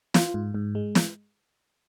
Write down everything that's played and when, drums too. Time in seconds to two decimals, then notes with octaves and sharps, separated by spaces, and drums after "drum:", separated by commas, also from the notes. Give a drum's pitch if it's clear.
0.14 F4, drum: snare
0.34 G#2
0.54 G#2
0.75 G#3
0.95 drum: snare